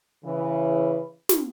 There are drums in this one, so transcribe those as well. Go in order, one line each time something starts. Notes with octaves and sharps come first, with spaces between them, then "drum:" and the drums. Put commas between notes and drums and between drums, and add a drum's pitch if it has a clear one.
C#3 E3
drum: snare